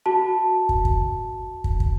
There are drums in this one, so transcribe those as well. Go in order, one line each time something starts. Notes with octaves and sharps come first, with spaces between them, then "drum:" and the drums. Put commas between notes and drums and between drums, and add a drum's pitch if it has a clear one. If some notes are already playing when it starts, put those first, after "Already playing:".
F#4 A5
drum: kick
drum: kick
drum: kick
drum: kick